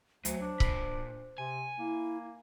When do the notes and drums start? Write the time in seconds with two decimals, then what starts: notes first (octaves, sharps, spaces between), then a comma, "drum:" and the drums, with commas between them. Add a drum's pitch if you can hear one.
0.25 D2 F#3 C5, drum: hi-hat
0.41 D4
0.60 A#2 B5, drum: kick C#1
1.38 C3 G#5
1.79 A#3 E4